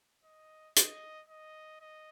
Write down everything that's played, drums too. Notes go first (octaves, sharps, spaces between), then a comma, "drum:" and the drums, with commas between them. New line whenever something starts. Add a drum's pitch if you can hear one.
D#5
D#5, drum: hi-hat
D#5
D#5